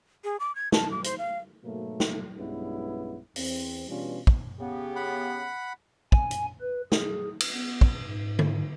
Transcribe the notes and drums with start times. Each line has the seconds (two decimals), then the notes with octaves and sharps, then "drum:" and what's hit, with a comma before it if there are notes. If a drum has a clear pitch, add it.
0.24 G#4
0.40 D6
0.55 G#6
0.72 A5, drum: snare
0.91 D6
1.04 C5, drum: hi-hat
1.18 F5
1.63 G#2 B2 F#3 A3 A#3
2.00 drum: snare
2.37 B1 G2 G#3 B3 C#4 E4
3.36 E2 C4, drum: open hi-hat
3.87 B2 E3 G3 C#4 D4 F4
4.27 drum: kick
4.59 C#3 B3 G4
4.96 F#5 B5
6.12 G#5, drum: kick
6.31 drum: hi-hat
6.61 B4
6.92 G#4, drum: snare
7.40 drum: cymbal
7.53 B3
7.81 drum: kick
8.03 G#2
8.39 drum: tom D3